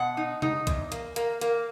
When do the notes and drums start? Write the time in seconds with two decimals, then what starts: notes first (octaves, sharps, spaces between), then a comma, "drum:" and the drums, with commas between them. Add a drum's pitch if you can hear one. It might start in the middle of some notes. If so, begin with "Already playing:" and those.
Already playing: B2 F#5
0.17 D#4
0.42 D#4, drum: tom C3
0.67 E2, drum: kick, hi-hat
0.92 A#3, drum: hi-hat
1.16 A#3, drum: hi-hat
1.41 A#3, drum: hi-hat